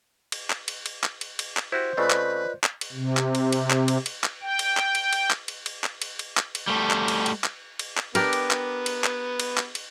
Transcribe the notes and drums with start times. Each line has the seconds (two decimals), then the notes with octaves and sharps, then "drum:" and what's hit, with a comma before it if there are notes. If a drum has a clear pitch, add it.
0.32 drum: cymbal
0.50 drum: clap
0.68 drum: cymbal
0.86 drum: cymbal
1.03 drum: clap
1.21 drum: cymbal
1.39 drum: cymbal
1.57 drum: clap
1.72 E4 F#4 G4 C5
1.97 C#3 A3 C4 F4 B4 D5 D#5
2.10 drum: clap
2.64 drum: clap
2.81 drum: cymbal
2.92 C3
3.17 drum: clap
3.35 drum: cymbal
3.52 drum: cymbal
3.70 drum: clap
3.88 drum: cymbal
4.06 drum: cymbal
4.24 drum: clap
4.42 G5
4.59 drum: cymbal
4.77 drum: clap
4.95 drum: cymbal
5.13 drum: cymbal
5.30 drum: clap
5.48 drum: cymbal
5.66 drum: cymbal
5.84 drum: clap
6.02 drum: cymbal
6.19 drum: cymbal
6.37 drum: clap
6.55 drum: cymbal
6.68 G3 A3
6.90 drum: clap
7.08 drum: cymbal
7.26 drum: cymbal
7.44 drum: clap
7.79 drum: cymbal
7.97 drum: clap
8.15 B3 D4 G4 A#4, drum: cymbal
8.33 drum: cymbal
8.51 drum: clap
8.86 drum: cymbal
9.04 drum: clap
9.40 drum: cymbal
9.57 drum: clap
9.75 drum: cymbal